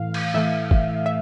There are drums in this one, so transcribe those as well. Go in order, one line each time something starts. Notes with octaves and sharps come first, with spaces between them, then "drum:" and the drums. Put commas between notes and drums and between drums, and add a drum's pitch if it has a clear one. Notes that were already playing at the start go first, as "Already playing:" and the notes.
Already playing: A2 E3 F5
drum: cymbal
A2 E3 A3 E5
drum: kick
E5